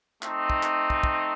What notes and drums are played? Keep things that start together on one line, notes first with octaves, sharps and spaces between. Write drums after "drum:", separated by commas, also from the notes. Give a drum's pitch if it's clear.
A3 C4 D#4, drum: clap
drum: kick
drum: clap
drum: kick
drum: kick